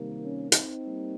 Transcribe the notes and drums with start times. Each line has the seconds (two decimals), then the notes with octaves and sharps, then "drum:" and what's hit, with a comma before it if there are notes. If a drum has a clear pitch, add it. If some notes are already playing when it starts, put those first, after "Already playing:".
Already playing: C3 D#3 G3 A#3
0.21 C#4
0.52 C4 D#4, drum: hi-hat
0.84 G3 A#3